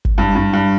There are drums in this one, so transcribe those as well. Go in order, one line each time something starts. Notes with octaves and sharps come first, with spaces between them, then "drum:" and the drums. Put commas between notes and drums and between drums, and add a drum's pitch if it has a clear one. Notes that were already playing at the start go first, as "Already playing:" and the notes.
drum: kick
G2
G2
G2